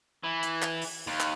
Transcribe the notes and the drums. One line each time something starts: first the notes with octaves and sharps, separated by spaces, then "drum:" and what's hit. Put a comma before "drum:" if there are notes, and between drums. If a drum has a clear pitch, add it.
E3
drum: hi-hat
drum: clap
drum: open hi-hat
D#2
drum: clap